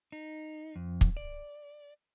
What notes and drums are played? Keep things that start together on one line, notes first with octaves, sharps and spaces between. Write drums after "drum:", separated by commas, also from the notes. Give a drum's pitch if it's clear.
D#4
F2
drum: kick
D5